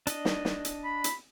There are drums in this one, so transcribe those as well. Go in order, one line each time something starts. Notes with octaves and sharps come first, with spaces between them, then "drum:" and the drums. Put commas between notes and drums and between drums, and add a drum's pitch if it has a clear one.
D4 D#5, drum: hi-hat
drum: snare
drum: snare
drum: hi-hat
B5
drum: hi-hat